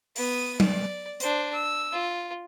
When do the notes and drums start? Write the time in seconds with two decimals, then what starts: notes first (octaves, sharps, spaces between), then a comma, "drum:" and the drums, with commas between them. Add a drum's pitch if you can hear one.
0.16 B3 D#6, drum: open hi-hat
0.60 D5, drum: tom F#3
1.20 D4 C5, drum: hi-hat
1.53 E6
1.92 F4